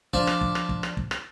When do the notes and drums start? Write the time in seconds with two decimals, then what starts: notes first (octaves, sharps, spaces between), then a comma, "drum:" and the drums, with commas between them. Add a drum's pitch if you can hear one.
0.13 F3 D4 D5, drum: kick
0.27 drum: rim click
0.41 drum: kick
0.55 drum: rim click
0.69 drum: kick
0.83 drum: rim click
0.97 drum: kick
1.11 drum: rim click